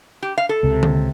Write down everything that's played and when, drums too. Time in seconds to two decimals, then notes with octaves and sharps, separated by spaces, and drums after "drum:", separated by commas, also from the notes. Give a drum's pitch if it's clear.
0.22 G4
0.38 F5
0.49 A4
0.63 C#2 C3
0.83 drum: tom D3